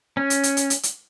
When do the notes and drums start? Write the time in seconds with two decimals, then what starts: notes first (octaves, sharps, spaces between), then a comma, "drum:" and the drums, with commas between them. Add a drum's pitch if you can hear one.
0.17 C#4
0.30 drum: hi-hat
0.43 drum: hi-hat
0.57 drum: hi-hat
0.70 drum: hi-hat
0.83 drum: hi-hat